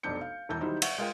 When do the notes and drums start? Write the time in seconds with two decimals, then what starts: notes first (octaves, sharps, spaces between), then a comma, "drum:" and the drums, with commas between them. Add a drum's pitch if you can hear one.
0.03 F1 B1 D4 D#4 G6 C#7
0.21 F5
0.49 E1 E3 A5 G6
0.61 D#3 F#3 G3 D#4 E4 C5
0.82 E5 F#5 C#6, drum: cymbal
0.98 G#3 F4 A#4 F5 G5